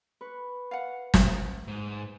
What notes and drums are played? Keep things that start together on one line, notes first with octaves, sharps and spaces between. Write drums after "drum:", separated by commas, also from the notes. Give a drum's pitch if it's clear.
B4 C#6
F5 F#5
drum: snare
G#2